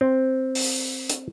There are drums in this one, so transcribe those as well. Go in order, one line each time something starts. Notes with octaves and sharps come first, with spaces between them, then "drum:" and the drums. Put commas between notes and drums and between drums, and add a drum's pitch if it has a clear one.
C4
drum: open hi-hat
drum: hi-hat